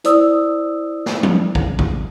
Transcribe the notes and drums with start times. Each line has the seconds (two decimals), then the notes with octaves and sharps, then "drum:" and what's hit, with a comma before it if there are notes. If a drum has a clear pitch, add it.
0.04 E4 C5 D5 D#6 E6, drum: hi-hat
1.06 drum: snare
1.23 drum: tom F3
1.55 drum: kick G#1
1.79 drum: kick G#1